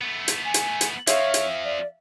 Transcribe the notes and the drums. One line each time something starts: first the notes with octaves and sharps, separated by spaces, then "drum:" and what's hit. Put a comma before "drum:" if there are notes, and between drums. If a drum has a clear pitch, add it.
A3 B3
drum: hi-hat
G#5
drum: hi-hat
drum: hi-hat
F3 C4 C#5 E5 F5, drum: hi-hat
drum: hi-hat
D5